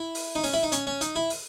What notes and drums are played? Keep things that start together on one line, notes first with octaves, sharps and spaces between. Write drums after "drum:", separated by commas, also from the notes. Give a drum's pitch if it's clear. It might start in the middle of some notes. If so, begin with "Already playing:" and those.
Already playing: E4
drum: open hi-hat
D#4
C#4, drum: open hi-hat
E4
D#4
C#4, drum: hi-hat
C#4
D#4, drum: hi-hat
E4
drum: open hi-hat